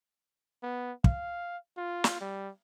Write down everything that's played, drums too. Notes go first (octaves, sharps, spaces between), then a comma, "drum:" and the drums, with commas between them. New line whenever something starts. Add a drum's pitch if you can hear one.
B3
F5, drum: kick
F4
drum: snare
G3